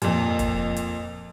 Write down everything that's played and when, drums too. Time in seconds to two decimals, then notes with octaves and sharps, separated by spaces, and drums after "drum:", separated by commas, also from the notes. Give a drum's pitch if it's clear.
0.02 F2 A#2, drum: hi-hat
0.39 drum: kick, hi-hat
0.76 drum: hi-hat